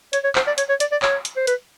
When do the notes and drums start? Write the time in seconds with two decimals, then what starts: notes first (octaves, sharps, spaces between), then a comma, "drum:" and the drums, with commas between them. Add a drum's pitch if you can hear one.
0.13 C#5, drum: hi-hat
0.24 C#5
0.35 C5, drum: clap
0.47 D5
0.58 C#5, drum: hi-hat
0.69 C#5
0.80 D5, drum: hi-hat
0.92 D5
1.02 C#5, drum: clap
1.25 drum: hi-hat
1.37 C5
1.47 B4, drum: hi-hat